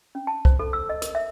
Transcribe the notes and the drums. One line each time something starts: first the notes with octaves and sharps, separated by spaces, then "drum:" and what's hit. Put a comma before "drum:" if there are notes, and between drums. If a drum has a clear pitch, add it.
C#4
A5
C5, drum: kick C2
A4
E6
D#5
A#4, drum: hi-hat
E5